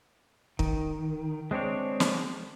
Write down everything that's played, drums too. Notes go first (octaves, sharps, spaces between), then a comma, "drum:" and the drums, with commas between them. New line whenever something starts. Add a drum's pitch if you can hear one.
D#3, drum: kick
G#3 C4 D4 C#5
drum: snare